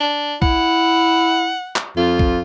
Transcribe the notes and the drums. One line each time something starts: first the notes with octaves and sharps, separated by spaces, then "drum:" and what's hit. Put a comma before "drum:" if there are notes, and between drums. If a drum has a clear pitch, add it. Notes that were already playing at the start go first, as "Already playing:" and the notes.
D4
E4 F#5, drum: kick
drum: clap
F2 F4
drum: kick